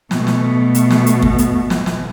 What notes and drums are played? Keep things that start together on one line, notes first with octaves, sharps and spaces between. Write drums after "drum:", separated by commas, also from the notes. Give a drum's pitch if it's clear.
B2 A3, drum: snare
drum: snare
drum: hi-hat
drum: snare
drum: hi-hat
drum: kick
drum: hi-hat
drum: snare
drum: snare